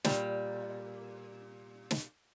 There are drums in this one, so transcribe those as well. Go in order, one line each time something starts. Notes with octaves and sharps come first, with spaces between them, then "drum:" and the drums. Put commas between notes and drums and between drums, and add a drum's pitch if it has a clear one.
A#2 G3, drum: snare
drum: snare